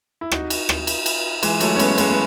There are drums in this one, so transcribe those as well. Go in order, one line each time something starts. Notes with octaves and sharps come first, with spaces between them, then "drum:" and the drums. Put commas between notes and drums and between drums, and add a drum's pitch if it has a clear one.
E4
D#4 F#4, drum: rim click
drum: cymbal
drum: rim click
drum: cymbal
drum: cymbal
E3 G#3, drum: cymbal
F#3 A3, drum: cymbal
C#4
G#3 B3, drum: cymbal
G#3 B3, drum: cymbal
B3